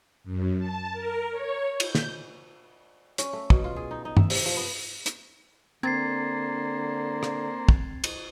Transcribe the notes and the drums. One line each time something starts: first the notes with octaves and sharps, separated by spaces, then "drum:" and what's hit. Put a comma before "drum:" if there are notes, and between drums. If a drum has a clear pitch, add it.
F#2
A5
A#4
C#5
G6, drum: cymbal
drum: snare
C#4, drum: hi-hat
A3
B2, drum: kick
F4
G#4
D#4
D#4
E5, drum: tom G2
C3, drum: open hi-hat
F3
B3
drum: hi-hat
D3 A#3 C4 C5 G#6 A6 C7
drum: rim click
drum: kick
drum: cymbal